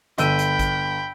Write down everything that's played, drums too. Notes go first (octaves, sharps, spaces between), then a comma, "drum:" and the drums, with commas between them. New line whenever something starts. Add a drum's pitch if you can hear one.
G1 G5 B5 E6 D#7, drum: hi-hat
drum: hi-hat
drum: kick G#1, hi-hat